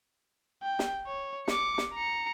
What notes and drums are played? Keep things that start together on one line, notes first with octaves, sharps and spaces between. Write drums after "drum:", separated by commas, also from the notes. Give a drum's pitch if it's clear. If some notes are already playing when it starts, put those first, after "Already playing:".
G5
drum: snare
C#5
D6 C#7, drum: snare
drum: snare
A#5 C#7